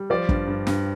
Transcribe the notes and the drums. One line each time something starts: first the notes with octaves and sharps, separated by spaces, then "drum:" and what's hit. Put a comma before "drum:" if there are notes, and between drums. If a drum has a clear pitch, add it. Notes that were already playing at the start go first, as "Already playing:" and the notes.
Already playing: G3
F3 D5
G2, drum: kick
G2
G2, drum: snare